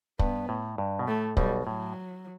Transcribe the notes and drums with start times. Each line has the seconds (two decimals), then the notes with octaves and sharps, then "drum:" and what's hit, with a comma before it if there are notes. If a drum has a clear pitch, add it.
0.19 G2 B3, drum: kick
0.49 A2
0.78 G2
0.99 B2
1.08 A2 A3
1.37 B1 B2 G3, drum: kick
1.66 A2 F#3